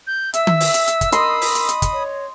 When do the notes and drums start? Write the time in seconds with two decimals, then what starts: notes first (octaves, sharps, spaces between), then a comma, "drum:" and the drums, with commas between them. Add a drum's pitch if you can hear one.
0.07 G6
0.34 E5 E6, drum: hi-hat
0.47 drum: tom D#3
0.61 drum: open hi-hat
0.74 drum: hi-hat
0.88 drum: hi-hat
1.01 drum: kick, hi-hat
1.12 A#4 D#5 B5 C6 D#6, drum: hi-hat
1.42 drum: open hi-hat
1.55 drum: hi-hat
1.69 drum: hi-hat
1.82 drum: kick, hi-hat
1.92 C#5